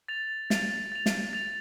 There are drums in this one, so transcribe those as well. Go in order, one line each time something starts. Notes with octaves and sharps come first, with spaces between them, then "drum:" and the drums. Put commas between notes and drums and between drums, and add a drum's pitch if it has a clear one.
A6 F7
A6 F7, drum: snare
A6 F7
drum: snare
A6 F7